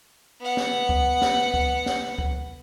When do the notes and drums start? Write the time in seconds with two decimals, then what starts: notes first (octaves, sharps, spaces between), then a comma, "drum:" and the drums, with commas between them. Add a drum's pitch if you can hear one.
0.41 B3 F#5
0.57 drum: snare
0.89 drum: kick
1.22 drum: snare
1.54 drum: kick
1.86 drum: snare
2.18 drum: kick